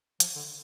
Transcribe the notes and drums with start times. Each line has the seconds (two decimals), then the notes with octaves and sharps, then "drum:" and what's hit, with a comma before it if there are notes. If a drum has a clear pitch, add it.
0.20 F3, drum: hi-hat
0.36 D3